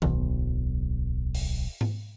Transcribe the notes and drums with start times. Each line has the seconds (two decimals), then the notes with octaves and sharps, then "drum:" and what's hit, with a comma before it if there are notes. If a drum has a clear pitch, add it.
0.02 D1 B1, drum: tom D#3
1.35 drum: open hi-hat
1.81 drum: tom G#2